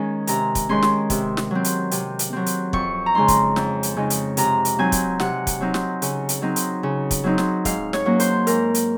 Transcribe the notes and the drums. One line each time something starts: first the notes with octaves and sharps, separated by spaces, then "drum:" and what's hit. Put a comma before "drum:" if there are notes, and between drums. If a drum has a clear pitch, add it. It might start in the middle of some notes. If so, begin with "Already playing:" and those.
Already playing: D#3 G#3 C#4 G#5
C3 A#5, drum: hi-hat
drum: kick, hi-hat
D#3 G#3 C#4 C6
drum: snare
C3, drum: kick, hi-hat
drum: snare
F#3 C4
drum: hi-hat
C3, drum: hi-hat
drum: hi-hat
F#3 C4
drum: hi-hat
F2 C#6, drum: kick
A#5
C#3 G#3 D#4 C6
drum: kick, hi-hat
F2, drum: snare
drum: hi-hat
C#3 G#3 D#4
drum: hi-hat
C3 A#5, drum: hi-hat
drum: hi-hat
F#3 C4 D#4 G#5
drum: kick, hi-hat
C3 F#5, drum: snare
drum: kick, hi-hat
F#3 C4 D#4
drum: snare
C#3, drum: hi-hat
drum: hi-hat
F#3 C4 D#4
drum: hi-hat
C#3
drum: kick, hi-hat
F#3 C4 D#4
drum: snare
G#2 F5, drum: kick, hi-hat
C#5, drum: snare
F#3 A#3 C#4
C5, drum: hi-hat
G#2 A#4, drum: hi-hat
drum: hi-hat